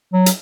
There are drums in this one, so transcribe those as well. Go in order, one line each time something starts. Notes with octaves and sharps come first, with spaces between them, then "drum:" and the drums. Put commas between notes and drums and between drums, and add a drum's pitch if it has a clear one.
F#3
drum: hi-hat